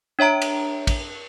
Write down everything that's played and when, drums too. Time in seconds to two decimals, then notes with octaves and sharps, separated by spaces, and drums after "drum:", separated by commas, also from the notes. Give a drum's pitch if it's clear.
0.19 D4 C#5 E5 A#5 D7
0.42 drum: cymbal
0.87 drum: kick, cymbal